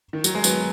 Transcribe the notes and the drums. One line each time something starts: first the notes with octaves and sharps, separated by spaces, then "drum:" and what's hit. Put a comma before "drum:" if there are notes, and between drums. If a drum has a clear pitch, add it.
D#3
F#3, drum: tambourine
G#3
F#3 B3, drum: tambourine